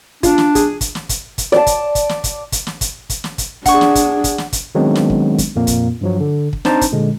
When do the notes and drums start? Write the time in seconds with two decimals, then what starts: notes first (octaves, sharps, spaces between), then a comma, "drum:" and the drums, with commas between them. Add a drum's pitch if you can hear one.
0.23 D4 F4, drum: kick, hi-hat
0.38 drum: snare
0.55 G#4, drum: kick, hi-hat
0.81 drum: kick, hi-hat
0.95 drum: snare
1.09 drum: kick, hi-hat
1.38 drum: kick, hi-hat
1.52 D5 A5, drum: snare
1.67 drum: kick, hi-hat
1.95 drum: kick, hi-hat
2.09 drum: snare
2.24 drum: kick, hi-hat
2.52 drum: kick, hi-hat
2.67 drum: snare
2.81 drum: kick, hi-hat
3.10 drum: kick, hi-hat
3.24 drum: snare
3.38 drum: kick, hi-hat
3.66 D4 G#4 F#5 C#6, drum: kick, hi-hat
3.81 drum: snare
3.95 drum: kick, hi-hat
4.24 drum: kick, hi-hat
4.38 drum: snare
4.53 drum: kick, hi-hat
4.75 D#3 F#3 G#3 B3 C4 D4
4.95 drum: snare
5.10 drum: kick
5.38 drum: kick, hi-hat
5.56 F2 A#2 A#3
5.67 drum: kick, hi-hat
6.01 G2 F3 F#3
6.20 D3
6.53 drum: kick
6.65 C4 D4 D#4 C5 A5 A#5, drum: snare
6.81 drum: kick, hi-hat
6.92 A#2 D3 G#3